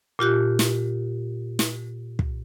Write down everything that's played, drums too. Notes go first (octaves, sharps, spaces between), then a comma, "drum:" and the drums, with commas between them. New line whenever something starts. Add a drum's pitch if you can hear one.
A#2 F4 G4 F#6
drum: snare
drum: snare
drum: kick